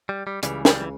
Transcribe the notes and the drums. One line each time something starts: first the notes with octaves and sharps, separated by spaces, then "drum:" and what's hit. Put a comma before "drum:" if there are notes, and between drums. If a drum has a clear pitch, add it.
G3
G3
C#2 C#3 E3 G3, drum: hi-hat
G3, drum: snare
E3